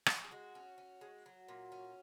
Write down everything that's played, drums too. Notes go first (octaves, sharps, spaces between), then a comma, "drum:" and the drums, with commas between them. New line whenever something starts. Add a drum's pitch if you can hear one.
drum: rim click
G#4
G#3 F#4
C#4
C#4
G#3
F#3
A#2
C#4